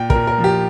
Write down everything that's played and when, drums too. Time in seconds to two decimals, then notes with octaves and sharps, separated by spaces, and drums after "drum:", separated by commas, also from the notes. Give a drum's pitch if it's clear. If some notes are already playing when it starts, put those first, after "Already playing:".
Already playing: A#2 G5
0.10 A#4, drum: kick
0.15 A#2
0.27 A#4
0.38 F3
0.44 G4